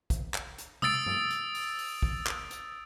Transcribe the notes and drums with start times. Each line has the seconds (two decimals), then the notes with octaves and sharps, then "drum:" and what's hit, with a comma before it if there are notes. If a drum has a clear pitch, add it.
0.10 drum: kick, hi-hat
0.34 drum: clap
0.58 drum: hi-hat
0.82 D#6 E6 A6 D7, drum: tom
1.06 drum: tom G2
1.30 drum: hi-hat
1.54 drum: open hi-hat
1.78 drum: open hi-hat
2.03 drum: kick
2.27 drum: clap
2.51 drum: hi-hat